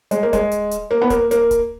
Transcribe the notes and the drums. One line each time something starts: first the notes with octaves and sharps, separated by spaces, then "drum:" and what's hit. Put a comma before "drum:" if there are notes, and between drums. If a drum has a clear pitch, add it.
G#3, drum: hi-hat
A#3
G#3, drum: kick D1, hi-hat
drum: hi-hat
drum: hi-hat
A#3
B3
A#3, drum: kick D1, hi-hat
A#3, drum: hi-hat
drum: kick D1, hi-hat